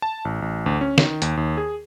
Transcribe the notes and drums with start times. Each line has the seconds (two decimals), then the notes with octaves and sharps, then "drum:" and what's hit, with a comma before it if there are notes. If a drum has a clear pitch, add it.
0.02 A5
0.25 A1
0.42 A1
0.66 D2
0.81 C#4
0.98 D#3, drum: snare
1.22 D#2, drum: hi-hat
1.37 D#2
1.57 G#4